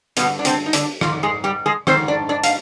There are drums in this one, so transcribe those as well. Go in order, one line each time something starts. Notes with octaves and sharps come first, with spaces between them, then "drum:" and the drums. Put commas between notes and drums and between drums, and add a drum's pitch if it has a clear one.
G2 B2 D3 B3, drum: hi-hat
D4
C3 C4, drum: hi-hat
D#4
D3 D4, drum: hi-hat
G#2 D#3 F4, drum: rim click
G#3 G#4
G3 G4
G#3 G#4
G#2 D#3 C4 C5, drum: rim click
D4 D5
D4 D5
F5, drum: hi-hat